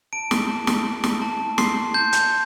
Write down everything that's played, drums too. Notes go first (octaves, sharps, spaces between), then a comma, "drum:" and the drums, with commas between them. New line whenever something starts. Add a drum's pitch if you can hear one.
A5 D7
drum: snare
A5
drum: snare
A5
drum: snare
A5
C6 C7, drum: snare
A5 G6
drum: hi-hat